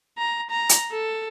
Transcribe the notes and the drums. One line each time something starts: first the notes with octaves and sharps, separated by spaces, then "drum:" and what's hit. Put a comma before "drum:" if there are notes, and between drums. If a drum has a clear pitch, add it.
A#5
A#5
drum: hi-hat
A4